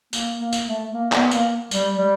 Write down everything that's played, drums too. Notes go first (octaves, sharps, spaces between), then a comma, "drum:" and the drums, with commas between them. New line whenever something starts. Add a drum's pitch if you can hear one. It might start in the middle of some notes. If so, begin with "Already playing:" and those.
A#3, drum: tambourine
A#3
drum: tambourine
A3
A#3
B3, drum: clap
A#3, drum: tambourine
G3, drum: tambourine
G3